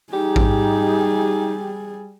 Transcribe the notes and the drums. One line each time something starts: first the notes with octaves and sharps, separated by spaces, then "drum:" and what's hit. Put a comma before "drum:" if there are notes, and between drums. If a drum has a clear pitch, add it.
G3 D#4 G4 G#4
drum: kick A1